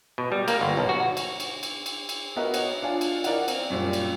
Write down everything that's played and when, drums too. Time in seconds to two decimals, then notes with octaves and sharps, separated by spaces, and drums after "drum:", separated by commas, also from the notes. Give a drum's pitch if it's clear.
0.18 B2
0.32 G3
0.48 A#3, drum: cymbal
0.61 G1
0.77 B1
0.89 F#4
1.17 drum: cymbal
1.40 drum: cymbal
1.63 drum: cymbal
1.86 drum: cymbal
2.09 drum: cymbal
2.36 B3 F#4 A#4 D#5 E5 F#5
2.54 C#5 D#5, drum: cymbal
2.82 D4 F4 F5 G#5
3.01 drum: cymbal
3.24 E4 A#4 D5 D#5 F5 F#5, drum: cymbal
3.48 C4, drum: cymbal
3.70 F#2 A#2 G3
3.93 drum: cymbal